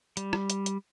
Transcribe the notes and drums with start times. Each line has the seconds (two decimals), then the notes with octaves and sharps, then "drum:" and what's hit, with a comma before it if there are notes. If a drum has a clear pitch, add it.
0.17 G3, drum: hi-hat
0.33 drum: rim click
0.50 drum: hi-hat
0.66 drum: hi-hat